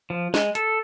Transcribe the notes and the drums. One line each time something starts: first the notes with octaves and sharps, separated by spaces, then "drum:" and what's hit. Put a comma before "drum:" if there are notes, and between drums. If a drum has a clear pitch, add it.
F3
G#3, drum: snare
A4, drum: hi-hat